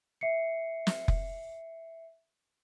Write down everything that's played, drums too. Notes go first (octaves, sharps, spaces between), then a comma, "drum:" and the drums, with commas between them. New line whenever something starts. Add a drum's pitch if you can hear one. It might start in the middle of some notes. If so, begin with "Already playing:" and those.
E5 C7 C#7
drum: snare
drum: kick F1